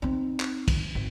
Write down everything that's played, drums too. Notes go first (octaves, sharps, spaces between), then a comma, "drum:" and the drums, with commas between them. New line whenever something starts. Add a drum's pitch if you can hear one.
C4 D#4
drum: clap
drum: kick, cymbal
G#1